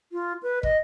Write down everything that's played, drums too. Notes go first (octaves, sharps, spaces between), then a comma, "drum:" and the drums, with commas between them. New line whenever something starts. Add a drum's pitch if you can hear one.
F4
B4
D#5, drum: kick